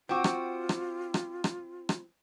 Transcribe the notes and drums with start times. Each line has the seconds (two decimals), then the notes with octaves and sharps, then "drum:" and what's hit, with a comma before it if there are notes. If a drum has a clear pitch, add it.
0.09 C4 F4 F#4 G5 D6
0.24 drum: rim click
0.69 drum: rim click
1.14 drum: rim click
1.44 drum: rim click
1.89 drum: rim click